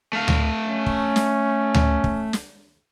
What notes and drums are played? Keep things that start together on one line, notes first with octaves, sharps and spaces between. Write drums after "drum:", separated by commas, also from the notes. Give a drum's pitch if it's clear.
A3 F5
drum: tom D2
C#4
drum: kick
drum: snare
drum: tom D2
drum: kick
drum: snare